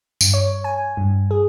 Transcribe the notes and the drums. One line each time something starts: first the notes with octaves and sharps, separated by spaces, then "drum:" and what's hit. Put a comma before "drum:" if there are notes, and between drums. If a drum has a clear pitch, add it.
G2, drum: tambourine
C#5
G#5
G2
G#4